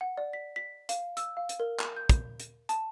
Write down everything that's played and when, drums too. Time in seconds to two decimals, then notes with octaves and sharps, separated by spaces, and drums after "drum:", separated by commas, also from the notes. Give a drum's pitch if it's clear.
0.01 F#5
0.18 D5
0.33 B6
0.56 B6
0.89 F5, drum: hi-hat
1.17 E6, drum: hi-hat
1.37 F5
1.49 drum: hi-hat
1.60 A#4
1.79 drum: clap
1.96 G6
2.09 drum: kick, hi-hat
2.40 drum: hi-hat
2.69 A5, drum: hi-hat